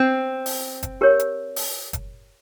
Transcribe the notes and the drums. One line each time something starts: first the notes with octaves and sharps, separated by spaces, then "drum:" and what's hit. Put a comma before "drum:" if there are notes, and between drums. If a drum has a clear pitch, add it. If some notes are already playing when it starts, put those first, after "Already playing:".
Already playing: C4
drum: open hi-hat
drum: kick F#1, hi-hat
G4 A#4 C#5
drum: hi-hat
drum: open hi-hat
drum: kick F#1, hi-hat